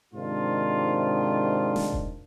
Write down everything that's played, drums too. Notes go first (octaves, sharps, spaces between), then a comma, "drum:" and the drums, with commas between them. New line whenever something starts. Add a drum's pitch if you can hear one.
G#2 C3 D#3 D4 F4
drum: snare
drum: kick E1